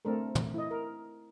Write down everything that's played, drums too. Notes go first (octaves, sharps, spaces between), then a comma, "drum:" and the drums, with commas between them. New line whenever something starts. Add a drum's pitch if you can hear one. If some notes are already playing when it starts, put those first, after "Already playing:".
A3 C4 D4 A4 A#4
drum: tom
E4 D#5
A#4